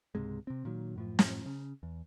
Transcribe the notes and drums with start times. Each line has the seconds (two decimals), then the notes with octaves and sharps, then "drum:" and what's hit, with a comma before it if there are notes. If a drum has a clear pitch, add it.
0.15 C#2 G#2 C3 G#3
0.47 C3 C4
0.65 A#2 D#3 F#3
0.96 F#2 A2 F3
1.19 drum: snare
1.46 C#3
1.83 E2